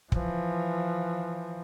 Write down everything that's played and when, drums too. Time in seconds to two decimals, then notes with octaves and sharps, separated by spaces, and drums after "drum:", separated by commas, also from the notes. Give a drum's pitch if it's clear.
0.12 E3 F3, drum: kick